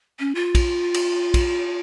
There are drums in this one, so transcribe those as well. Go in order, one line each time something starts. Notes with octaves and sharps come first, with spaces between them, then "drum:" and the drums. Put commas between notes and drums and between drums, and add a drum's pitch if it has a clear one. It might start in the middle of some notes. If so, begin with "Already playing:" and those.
C#4
F4
drum: kick, cymbal
drum: cymbal
drum: kick, cymbal